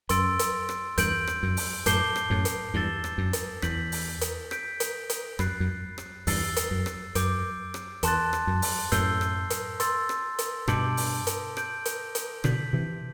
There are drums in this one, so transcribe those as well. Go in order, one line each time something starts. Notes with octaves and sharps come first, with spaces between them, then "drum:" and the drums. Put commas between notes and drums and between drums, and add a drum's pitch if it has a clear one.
F#2 C6 E6 A6 D7, drum: hi-hat
drum: hi-hat
drum: rim click
E2 G2 G6 D7 F#7, drum: hi-hat
drum: rim click
F#2
drum: open hi-hat
F#2 A2 A5 D6 G6 C7 G7, drum: hi-hat
drum: rim click
F#2 A2
drum: hi-hat
E2 G2 E6 A6 E7 G7
drum: rim click
F#2
drum: hi-hat
E2 G6 B6 F#7, drum: rim click
drum: open hi-hat
drum: hi-hat
G6 B6 D7, drum: rim click
drum: hi-hat
drum: hi-hat
F#2 B5 F#6 A6 C7, drum: rim click
F#2
drum: rim click
E2 G2 E6 A6 C7 G7, drum: open hi-hat
drum: hi-hat
F#2
drum: rim click
F#2 D6 G6 D7, drum: hi-hat
drum: rim click
E2 A5 C6 F#6 A6, drum: hi-hat
drum: rim click
F#2
drum: open hi-hat
F#2 A2 E6 G6 C7 G7, drum: hi-hat
drum: rim click
drum: hi-hat
C6 E6 A6, drum: hi-hat
drum: rim click
drum: hi-hat
G2 B2 A5 D6 G6 D7 F#7, drum: rim click
drum: open hi-hat
drum: hi-hat
G6 D7 F#7, drum: rim click
drum: hi-hat
drum: hi-hat
B2 D3 G6 B6 F#7, drum: rim click
C3 E3